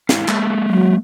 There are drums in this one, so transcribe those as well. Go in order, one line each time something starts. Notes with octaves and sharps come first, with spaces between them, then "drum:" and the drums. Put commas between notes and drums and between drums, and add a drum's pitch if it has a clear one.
G#2 E4 F5, drum: snare
G#3 A#3 E5, drum: clap
F#3